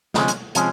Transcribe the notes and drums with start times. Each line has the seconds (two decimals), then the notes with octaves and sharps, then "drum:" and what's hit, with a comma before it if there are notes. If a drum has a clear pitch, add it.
0.14 D2 C3 F3 G#3 C#4 D#4, drum: snare
0.28 drum: hi-hat
0.55 C3 F3 G#3 C#4, drum: hi-hat